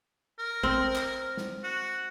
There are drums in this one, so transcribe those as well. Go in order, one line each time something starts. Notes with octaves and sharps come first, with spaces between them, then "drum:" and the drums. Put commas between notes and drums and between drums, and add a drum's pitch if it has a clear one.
A#4
C4, drum: kick A1
drum: clap
drum: snare
F#4